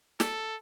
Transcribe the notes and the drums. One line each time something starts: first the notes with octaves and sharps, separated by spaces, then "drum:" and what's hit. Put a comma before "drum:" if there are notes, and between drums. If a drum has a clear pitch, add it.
A4, drum: snare